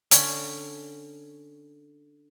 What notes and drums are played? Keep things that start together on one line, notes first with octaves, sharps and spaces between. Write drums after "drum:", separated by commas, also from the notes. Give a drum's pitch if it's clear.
D3 C#4 B5, drum: hi-hat